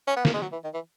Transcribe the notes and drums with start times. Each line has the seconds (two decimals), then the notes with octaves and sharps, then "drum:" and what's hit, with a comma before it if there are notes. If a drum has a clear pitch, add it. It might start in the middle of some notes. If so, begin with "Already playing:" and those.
0.07 C#4
0.16 B3
0.25 A#3, drum: snare
0.34 G#3
0.41 F#3
0.52 E3
0.64 D#3
0.74 E3